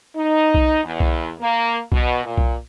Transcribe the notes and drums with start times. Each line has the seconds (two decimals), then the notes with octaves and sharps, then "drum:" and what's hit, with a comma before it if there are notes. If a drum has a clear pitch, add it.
0.15 D#4
0.55 drum: kick B1
0.84 E2
1.00 drum: kick B1
1.40 A#3
1.92 B2, drum: kick B1
2.24 A#2
2.38 drum: kick B1